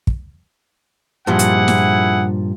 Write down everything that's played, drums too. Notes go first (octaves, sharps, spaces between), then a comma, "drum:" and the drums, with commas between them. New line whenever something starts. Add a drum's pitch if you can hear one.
drum: kick
G2 A#2 F3 E4 G#4 F#5
drum: hi-hat
drum: snare